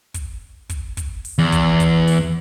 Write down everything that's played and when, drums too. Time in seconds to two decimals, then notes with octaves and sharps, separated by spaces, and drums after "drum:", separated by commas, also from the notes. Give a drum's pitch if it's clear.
0.14 drum: kick, hi-hat
0.69 drum: kick, hi-hat
0.97 drum: kick, hi-hat
1.25 drum: open hi-hat
1.38 E2
1.52 drum: kick, hi-hat
1.80 drum: kick, hi-hat
2.07 drum: open hi-hat